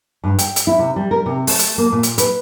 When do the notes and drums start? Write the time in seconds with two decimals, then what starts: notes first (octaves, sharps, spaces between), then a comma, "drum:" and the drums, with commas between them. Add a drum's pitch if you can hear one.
0.24 G2
0.38 G5, drum: hi-hat
0.56 drum: hi-hat
0.67 E4
0.79 C3
0.96 G3
1.11 A#4
1.26 C3
1.47 A3, drum: open hi-hat
1.59 drum: hi-hat
1.78 A#3
1.92 A#2
2.03 drum: hi-hat
2.18 B4, drum: hi-hat